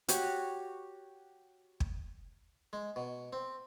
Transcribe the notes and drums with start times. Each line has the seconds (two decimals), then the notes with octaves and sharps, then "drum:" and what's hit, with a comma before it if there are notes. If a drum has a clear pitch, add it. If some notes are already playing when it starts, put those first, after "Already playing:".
0.08 F#4 G4 C#5, drum: hi-hat
1.80 drum: kick
2.73 G#3
2.96 B2
3.33 C4